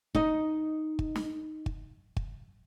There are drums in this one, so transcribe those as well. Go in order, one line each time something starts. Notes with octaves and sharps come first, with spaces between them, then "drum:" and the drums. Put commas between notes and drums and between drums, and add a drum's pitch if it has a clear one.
D#4 D#5, drum: kick
drum: kick
drum: snare
drum: kick
drum: kick